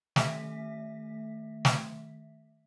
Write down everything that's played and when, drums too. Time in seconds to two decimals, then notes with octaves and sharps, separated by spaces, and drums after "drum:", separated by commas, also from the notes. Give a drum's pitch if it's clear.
0.16 D#3 A3 E5 B6, drum: snare
1.65 drum: snare